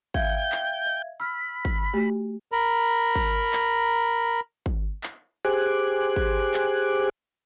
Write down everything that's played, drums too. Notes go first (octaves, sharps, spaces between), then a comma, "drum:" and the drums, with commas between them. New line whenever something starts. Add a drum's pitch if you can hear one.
E5 F5 G5 G6 G#6, drum: kick G#1
drum: clap
D#5
B5 E6 F6
drum: kick G#1
A3 F#4 G4
A#4 A#5 B5
drum: kick G#1
drum: clap
drum: kick G#1
drum: clap
G4 G#4 C5 G#5 D6 F#6
drum: kick G#1
drum: clap